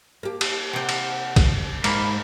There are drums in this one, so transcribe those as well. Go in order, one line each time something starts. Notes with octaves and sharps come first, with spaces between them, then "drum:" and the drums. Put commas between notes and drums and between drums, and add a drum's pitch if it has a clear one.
A#3 G4
drum: cymbal
C3 F#5 G5
drum: cymbal
drum: kick B1, cymbal
G#2 A#3 B5, drum: cymbal